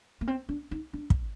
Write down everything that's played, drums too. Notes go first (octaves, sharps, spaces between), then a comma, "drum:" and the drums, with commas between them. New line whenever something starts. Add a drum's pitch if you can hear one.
A#3
C4
D4
D#4
D4
drum: kick